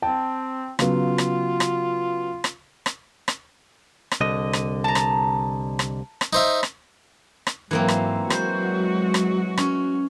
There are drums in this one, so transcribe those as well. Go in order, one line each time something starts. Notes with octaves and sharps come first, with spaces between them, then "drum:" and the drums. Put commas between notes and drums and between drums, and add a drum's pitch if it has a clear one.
C4 G5 A5
C#3 F#3 B3 F4, drum: rim click
drum: rim click
drum: rim click
drum: rim click
drum: rim click
drum: rim click
drum: rim click
C2 D3 D#5
drum: rim click
A5 A#5
drum: rim click
drum: rim click
drum: rim click
D#4 C5 E5
drum: rim click
drum: rim click
G#2 E3 F#3 A#3 C4
drum: rim click
F#3 G#3 F#4 C5, drum: rim click
drum: rim click
C#4, drum: rim click